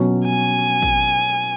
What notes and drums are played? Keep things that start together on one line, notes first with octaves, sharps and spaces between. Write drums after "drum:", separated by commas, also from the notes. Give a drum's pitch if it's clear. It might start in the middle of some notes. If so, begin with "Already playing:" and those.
Already playing: B2 F#3 C#4
G#5
drum: kick